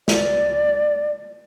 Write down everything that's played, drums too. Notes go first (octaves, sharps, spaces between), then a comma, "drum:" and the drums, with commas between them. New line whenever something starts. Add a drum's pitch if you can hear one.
D5, drum: snare